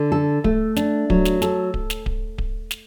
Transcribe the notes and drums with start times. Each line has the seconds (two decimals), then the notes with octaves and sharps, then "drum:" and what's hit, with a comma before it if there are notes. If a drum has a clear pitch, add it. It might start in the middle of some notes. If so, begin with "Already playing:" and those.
Already playing: D3
0.12 A4
0.44 A3, drum: kick D1
0.76 D4, drum: snare
1.10 F#3, drum: kick D1
1.25 drum: snare
1.42 A4, drum: snare
1.74 drum: kick D1
1.90 drum: snare
2.06 drum: kick D1
2.38 drum: kick D1
2.71 drum: snare